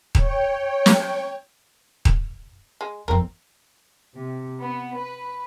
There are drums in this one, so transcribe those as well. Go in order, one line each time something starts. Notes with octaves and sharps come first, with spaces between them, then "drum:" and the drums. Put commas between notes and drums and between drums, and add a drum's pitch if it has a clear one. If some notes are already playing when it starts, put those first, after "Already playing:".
C#5 G5, drum: kick D#1
drum: snare
drum: kick D#1
G#3
G1 F2 C4 A#4
C3
B3
B4